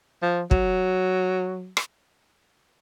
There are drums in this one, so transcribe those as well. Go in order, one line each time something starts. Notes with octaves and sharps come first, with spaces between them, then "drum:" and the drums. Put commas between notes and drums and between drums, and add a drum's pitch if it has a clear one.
F3
F#3, drum: kick
drum: rim click